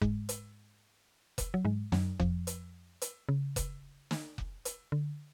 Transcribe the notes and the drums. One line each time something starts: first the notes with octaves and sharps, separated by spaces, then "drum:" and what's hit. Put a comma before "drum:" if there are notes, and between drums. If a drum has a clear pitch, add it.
G#2 G#3, drum: kick F1
drum: hi-hat
drum: kick F1, hi-hat
F#3
G#2 G#3
F#2 F#3, drum: snare
F2 F3, drum: kick F1
drum: hi-hat
drum: hi-hat
C#3
drum: kick F1, hi-hat
drum: snare
drum: kick F1
drum: hi-hat
D3